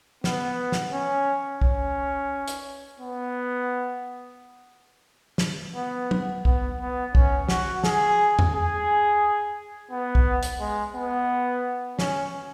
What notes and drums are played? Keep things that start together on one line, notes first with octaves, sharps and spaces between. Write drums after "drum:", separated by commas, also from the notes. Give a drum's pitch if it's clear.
B3, drum: snare
drum: snare
C#4
C#4, drum: kick
drum: hi-hat
B3
drum: snare
B3
drum: tom F#3
B3, drum: kick
B3
C#4, drum: kick
F#4, drum: snare
G#4, drum: snare
drum: tom E2
G#4
B3
drum: kick
drum: hi-hat
G#3
B3
C#4, drum: snare